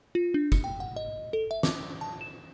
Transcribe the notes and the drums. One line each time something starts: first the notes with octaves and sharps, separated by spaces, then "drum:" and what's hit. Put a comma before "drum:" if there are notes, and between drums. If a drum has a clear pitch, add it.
F4
D4
C#7, drum: kick, tambourine
G5
F#5
D#5
A4
E5
D6, drum: snare
A5
E7